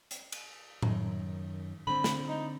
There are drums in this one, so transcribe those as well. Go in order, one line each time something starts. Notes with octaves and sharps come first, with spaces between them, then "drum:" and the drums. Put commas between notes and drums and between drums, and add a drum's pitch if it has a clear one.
drum: hi-hat
drum: cymbal
F#2 D#3, drum: tom A2
D3 C4 B5
drum: snare
D#4